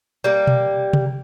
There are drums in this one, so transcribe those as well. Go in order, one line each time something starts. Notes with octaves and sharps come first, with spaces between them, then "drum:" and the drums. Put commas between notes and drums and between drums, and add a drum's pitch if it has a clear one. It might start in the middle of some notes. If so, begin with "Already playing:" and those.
G3 A#3
drum: tom B2
drum: tom C3